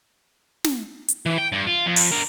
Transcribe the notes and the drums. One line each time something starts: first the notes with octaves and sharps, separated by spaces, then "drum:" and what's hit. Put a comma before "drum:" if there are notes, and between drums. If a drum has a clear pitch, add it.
drum: snare
drum: hi-hat
E3
G5
G2
F4
F2
drum: open hi-hat
D4 A#4